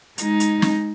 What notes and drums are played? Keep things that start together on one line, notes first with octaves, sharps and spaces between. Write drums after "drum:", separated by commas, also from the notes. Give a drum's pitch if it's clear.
G#3 D#4, drum: hi-hat
drum: hi-hat
drum: snare